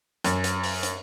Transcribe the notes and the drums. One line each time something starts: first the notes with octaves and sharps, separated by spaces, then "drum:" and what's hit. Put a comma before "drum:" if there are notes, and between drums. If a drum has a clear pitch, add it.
F#2, drum: hi-hat
drum: hi-hat
drum: open hi-hat
drum: hi-hat